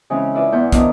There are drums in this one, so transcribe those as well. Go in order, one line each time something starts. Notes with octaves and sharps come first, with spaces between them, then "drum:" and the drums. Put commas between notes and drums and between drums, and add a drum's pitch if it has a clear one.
C#3 E3 G#3 C4 C#4
E4 F4 B4 D5 E5
E2 B3 G6
D#3 F3 B3 D4 D#4, drum: kick, hi-hat